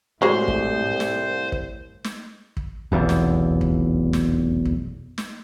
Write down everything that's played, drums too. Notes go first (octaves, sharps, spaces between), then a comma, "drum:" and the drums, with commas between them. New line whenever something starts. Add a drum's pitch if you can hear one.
C2 A2 F#3 G#3 C5
drum: kick
drum: snare
drum: kick
drum: snare
drum: kick
F1 B1 E2
drum: snare
drum: kick
drum: snare
drum: kick
drum: snare